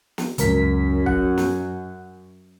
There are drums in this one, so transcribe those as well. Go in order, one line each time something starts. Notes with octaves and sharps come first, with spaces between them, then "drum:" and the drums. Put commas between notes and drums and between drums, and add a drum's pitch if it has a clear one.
drum: snare
C#2 F#2 A#4 B6, drum: hi-hat
F#5, drum: kick
drum: snare